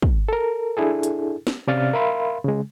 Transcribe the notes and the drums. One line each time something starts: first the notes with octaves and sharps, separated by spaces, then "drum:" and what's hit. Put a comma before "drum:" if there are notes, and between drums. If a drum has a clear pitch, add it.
drum: kick
A4 A#4
D4 E4 G#4 A4
drum: hi-hat
drum: snare
C3 C#4 D5 F5 F6 A6
A#4 E5 F5 B5 C6
C#3 G#3